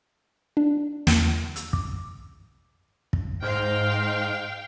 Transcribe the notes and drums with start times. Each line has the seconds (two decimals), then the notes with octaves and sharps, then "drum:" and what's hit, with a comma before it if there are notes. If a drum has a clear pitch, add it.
0.57 D4
1.07 E2, drum: snare
1.56 E6, drum: hi-hat
1.73 D6, drum: kick
3.13 drum: kick
3.42 G#2 C5 D#5 F5 G5 F6